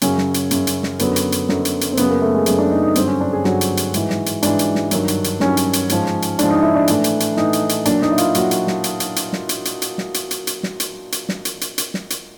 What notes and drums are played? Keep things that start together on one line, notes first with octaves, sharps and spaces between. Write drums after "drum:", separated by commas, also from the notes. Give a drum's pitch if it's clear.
F#2 C#3 F#3 C#4, drum: hi-hat
drum: snare
drum: hi-hat
F#2 C#3 F#3, drum: hi-hat
drum: hi-hat
drum: snare
F#2 D3 F#3 B3, drum: hi-hat
drum: hi-hat
drum: hi-hat
F#2 D3 F#3, drum: snare
drum: hi-hat
drum: hi-hat
C4
F#2 C#3 F#3 B3, drum: hi-hat
A#3
A3
G#3
F#2 C#3 F#3 G#3, drum: hi-hat
D4
D#4
D#4
G2 D3 F#3 C4, drum: hi-hat
C#4
D4
G#4
G2 D3 F#3 F#4, drum: snare
drum: hi-hat
drum: hi-hat
G#2 E3, drum: hi-hat
drum: snare
drum: hi-hat
G#2 E3 D4, drum: hi-hat
drum: hi-hat
drum: snare
G2 D#3 F#3, drum: hi-hat
drum: hi-hat
drum: hi-hat
G2 D#3 F#3 C#4, drum: snare
drum: hi-hat
drum: hi-hat
G#2 F3, drum: hi-hat
drum: snare
drum: hi-hat
G#2 F3 D4, drum: hi-hat
D#4
E4
D4
A2 E3, drum: hi-hat
drum: hi-hat
drum: hi-hat
A2 E3 D#4, drum: snare
drum: hi-hat
drum: hi-hat
A#2 F#3 D4, drum: hi-hat
D#4, drum: snare
E4
F4, drum: hi-hat
A#2 F#3 F#4, drum: hi-hat
drum: hi-hat
drum: snare
drum: hi-hat
drum: hi-hat
drum: hi-hat
drum: snare
drum: hi-hat
drum: hi-hat
drum: hi-hat
drum: snare
drum: hi-hat
drum: hi-hat
drum: hi-hat
drum: snare
drum: hi-hat
drum: hi-hat
drum: snare
drum: hi-hat
drum: hi-hat
drum: hi-hat
drum: snare
drum: hi-hat